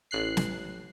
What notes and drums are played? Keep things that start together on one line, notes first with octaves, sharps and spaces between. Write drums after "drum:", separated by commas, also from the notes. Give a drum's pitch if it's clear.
A1 F#6 C7
drum: snare